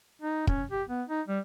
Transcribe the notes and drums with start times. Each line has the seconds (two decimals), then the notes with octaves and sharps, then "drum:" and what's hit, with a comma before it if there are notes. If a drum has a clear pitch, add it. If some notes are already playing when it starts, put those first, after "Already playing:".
0.22 D#4
0.47 C#4, drum: kick
0.72 G4
0.88 B3
1.09 D#4
1.28 G3